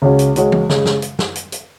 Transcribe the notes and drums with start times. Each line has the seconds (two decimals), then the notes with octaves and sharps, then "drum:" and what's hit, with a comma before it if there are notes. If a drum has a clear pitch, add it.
0.02 C#2 C#3 G#3 C#4 F#4
0.19 drum: hi-hat
0.36 C#2 C#3 G#3 C#4 F#4, drum: hi-hat
0.52 drum: tom E3
0.70 C#3 G#3, drum: snare
0.85 drum: snare
1.02 drum: hi-hat
1.19 drum: snare
1.35 drum: hi-hat
1.52 drum: hi-hat